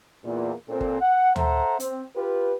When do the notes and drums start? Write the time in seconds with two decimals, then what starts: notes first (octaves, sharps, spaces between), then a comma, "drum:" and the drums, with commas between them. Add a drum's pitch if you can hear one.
0.25 E2 A#2
0.68 A#2 C4 A4
0.81 drum: kick G1
1.01 F#5
1.36 A4 C5 E5 F#5 A#5, drum: tom D2
1.80 C4, drum: hi-hat
2.16 F4 G4 B4